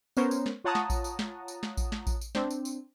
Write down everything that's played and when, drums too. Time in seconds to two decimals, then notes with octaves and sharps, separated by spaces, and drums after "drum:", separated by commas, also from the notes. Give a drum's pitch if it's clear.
0.17 B3 C#4 A#4 C5 C#5, drum: tambourine
0.31 drum: tambourine
0.46 drum: snare
0.64 F4 C#5 F#5 A5 A#5 D#6
0.75 drum: snare
0.90 drum: kick A1, tambourine
1.04 drum: tambourine
1.19 drum: snare
1.48 drum: tambourine
1.63 drum: snare
1.77 drum: kick A1, tambourine
1.92 drum: snare
2.07 drum: kick A1, tambourine
2.21 drum: tambourine
2.35 C4 D4, drum: snare
2.51 drum: tambourine
2.65 drum: tambourine